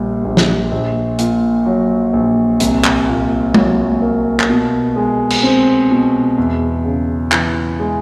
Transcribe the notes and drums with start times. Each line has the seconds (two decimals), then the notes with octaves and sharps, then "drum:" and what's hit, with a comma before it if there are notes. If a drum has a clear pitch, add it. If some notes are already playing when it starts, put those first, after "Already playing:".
Already playing: A#1 A#2 G3
0.24 A#1
0.37 drum: snare
0.71 A#1
1.19 A#2, drum: hi-hat
1.66 F#3
2.13 A#1
2.60 C2, drum: hi-hat
2.84 drum: clap
3.08 A#2
3.54 F#3, drum: tom
4.02 A#3
4.40 drum: clap
4.49 B2
4.96 G#3
5.30 drum: cymbal
5.43 C4
5.91 B2
6.38 E2
6.84 C#3
7.32 E3, drum: clap
7.80 G#3